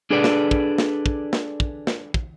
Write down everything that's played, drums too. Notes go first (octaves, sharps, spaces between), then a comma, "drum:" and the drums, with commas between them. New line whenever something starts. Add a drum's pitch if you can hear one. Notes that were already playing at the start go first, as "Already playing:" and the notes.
D4 G#4 A4 B4 D5
drum: snare
drum: kick
drum: snare
drum: kick
drum: snare
drum: kick
drum: snare
drum: kick